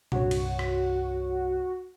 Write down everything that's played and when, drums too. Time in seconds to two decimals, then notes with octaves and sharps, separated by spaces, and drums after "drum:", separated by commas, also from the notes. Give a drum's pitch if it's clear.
0.12 C2 G2 F#4 C#5, drum: tom A#2
0.31 drum: cymbal
0.59 drum: rim click